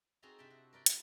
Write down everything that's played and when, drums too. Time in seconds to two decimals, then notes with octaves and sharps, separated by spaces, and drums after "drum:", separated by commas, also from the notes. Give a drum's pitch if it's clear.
0.22 C4 D#4 F#4 G#4 A4 A#5
0.38 C3 D4 E4 E5 G5 A5
0.50 F#4
0.73 A#4 B4 D5 G5
0.86 G3 D#4 F4 B4 E5, drum: hi-hat